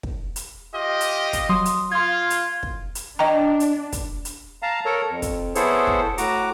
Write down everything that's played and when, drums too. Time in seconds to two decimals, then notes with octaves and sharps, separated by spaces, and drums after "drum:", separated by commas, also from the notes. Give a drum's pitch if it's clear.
0.03 drum: kick
0.36 drum: hi-hat
0.75 F4 G4 D#5
1.01 drum: hi-hat
1.33 drum: kick, hi-hat
1.49 F#3 C6 D#6
1.65 drum: hi-hat
1.91 F4 C6 G#6
2.30 drum: hi-hat
2.63 drum: kick
2.95 drum: hi-hat
3.19 D4 D#5 G5 A#5
3.60 drum: hi-hat
3.92 drum: kick, hi-hat
4.25 drum: hi-hat
4.63 F5 A5 A#5
4.85 A4 A#4 C#5 A#5
5.10 F2
5.22 drum: kick, hi-hat
5.55 B3 E4 G#4 A4 C5 C#5, drum: hi-hat
5.87 drum: kick
6.18 A2 F#4 A#5 D6, drum: hi-hat